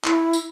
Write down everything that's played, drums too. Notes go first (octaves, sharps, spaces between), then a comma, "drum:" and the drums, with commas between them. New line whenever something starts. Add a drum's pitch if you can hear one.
E4, drum: clap
drum: tambourine